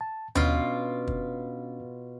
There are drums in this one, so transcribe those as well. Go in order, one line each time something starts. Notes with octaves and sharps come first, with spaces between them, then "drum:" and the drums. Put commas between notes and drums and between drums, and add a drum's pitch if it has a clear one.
A5
B2 C#4 D4 F4 B4, drum: tom D#2
drum: kick